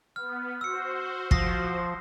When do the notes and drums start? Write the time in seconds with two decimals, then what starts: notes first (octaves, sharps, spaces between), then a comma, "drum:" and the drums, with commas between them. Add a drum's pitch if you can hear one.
0.16 B3 F6
0.61 F#4 C5 E6 C#7
1.31 F3 D#6 A#6 C7, drum: kick